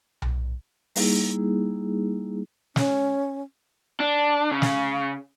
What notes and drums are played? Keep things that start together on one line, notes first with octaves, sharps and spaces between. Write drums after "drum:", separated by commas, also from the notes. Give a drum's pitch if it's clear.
drum: tom B1
G3 A#3 D#4 E4 G#4, drum: open hi-hat
C#4, drum: snare
D4
C#3
drum: snare